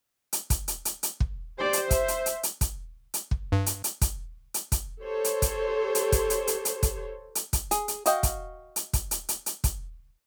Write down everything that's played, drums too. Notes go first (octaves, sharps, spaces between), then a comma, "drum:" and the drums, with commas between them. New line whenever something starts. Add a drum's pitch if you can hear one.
drum: hi-hat
drum: kick, hi-hat
drum: hi-hat
drum: hi-hat
drum: hi-hat
drum: kick
G4 C5 D5
drum: hi-hat
E5, drum: kick, hi-hat
drum: hi-hat
drum: hi-hat
drum: hi-hat
drum: kick, hi-hat
drum: hi-hat
drum: kick
G2
drum: hi-hat
drum: hi-hat
drum: kick, hi-hat
drum: hi-hat
drum: kick, hi-hat
G4 A4 C5 C#5
drum: hi-hat
drum: kick, hi-hat
drum: hi-hat
drum: kick, hi-hat
drum: hi-hat
drum: hi-hat
drum: hi-hat
drum: kick, hi-hat
drum: hi-hat
drum: kick, hi-hat
G#4, drum: hi-hat
drum: hi-hat
F#4 D#5 F5 G5, drum: hi-hat
drum: kick, hi-hat
drum: hi-hat
drum: kick, hi-hat
drum: hi-hat
drum: hi-hat
drum: hi-hat
drum: kick, hi-hat